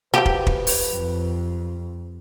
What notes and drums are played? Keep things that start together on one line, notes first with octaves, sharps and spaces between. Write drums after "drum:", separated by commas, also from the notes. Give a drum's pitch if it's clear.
F3 F#3 G4 B4
drum: kick
drum: kick
drum: open hi-hat
F2